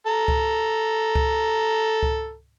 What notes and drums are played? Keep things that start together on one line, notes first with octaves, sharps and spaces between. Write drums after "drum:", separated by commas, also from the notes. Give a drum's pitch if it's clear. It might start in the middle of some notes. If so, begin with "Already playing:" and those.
A4 A#5
drum: kick C#2
drum: kick C#2
drum: kick C#2